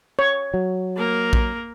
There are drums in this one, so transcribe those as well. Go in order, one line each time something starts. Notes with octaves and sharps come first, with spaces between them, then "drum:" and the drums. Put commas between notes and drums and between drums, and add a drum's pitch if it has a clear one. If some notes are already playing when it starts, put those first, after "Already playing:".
C#5
F#3
A#3 A#4
drum: kick A#1